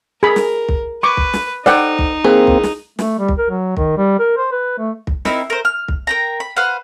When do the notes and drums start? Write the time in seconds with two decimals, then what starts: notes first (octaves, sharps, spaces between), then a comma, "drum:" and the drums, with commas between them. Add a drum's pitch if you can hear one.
0.23 G#4 A#4 B5
0.36 drum: snare
0.69 drum: kick
1.03 B4 C#6 D6
1.17 drum: kick
1.34 drum: snare
1.66 D#4 A4 C5 D5 F#5 G5, drum: snare
1.98 drum: kick
2.24 E3 A#3 C4 G#4
2.47 drum: kick
2.63 drum: snare
2.99 A3, drum: snare
3.19 G3
3.28 drum: kick
3.38 A#4
3.50 F#3
3.77 D#3, drum: kick
3.97 G3
4.19 A#4
4.37 C5
4.52 B4
4.79 A3
5.07 drum: kick
5.25 C4 D#4 E4 A#4, drum: snare
5.50 A#4 C5
5.65 F6
5.88 drum: kick
6.07 A#4 G5 A#5
6.40 B5
6.57 B4 C5 F5 F#5